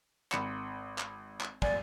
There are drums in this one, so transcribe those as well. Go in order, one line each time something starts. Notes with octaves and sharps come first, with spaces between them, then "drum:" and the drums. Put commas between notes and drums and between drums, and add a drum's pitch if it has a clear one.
G#1 B5 C#7, drum: clap
drum: clap
drum: clap
D5 G#5, drum: kick